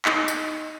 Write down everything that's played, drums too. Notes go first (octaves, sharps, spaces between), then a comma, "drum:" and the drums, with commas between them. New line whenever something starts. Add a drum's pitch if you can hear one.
D#4, drum: clap
drum: tambourine